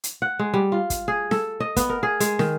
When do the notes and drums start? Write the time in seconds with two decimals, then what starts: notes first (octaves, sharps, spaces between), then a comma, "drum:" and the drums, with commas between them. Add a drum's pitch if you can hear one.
0.04 drum: hi-hat
0.22 F#5
0.39 G#3
0.54 G3
0.72 F4
0.90 drum: kick, hi-hat
1.08 G#4
1.31 A4, drum: snare
1.60 D#5
1.76 B3, drum: kick, hi-hat
1.90 A#4
2.03 G#4
2.20 G#3, drum: hi-hat
2.39 D#3, drum: snare